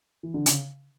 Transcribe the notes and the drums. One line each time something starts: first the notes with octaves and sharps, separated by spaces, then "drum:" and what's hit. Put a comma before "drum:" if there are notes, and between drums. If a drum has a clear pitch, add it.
E3
D3
C#3, drum: hi-hat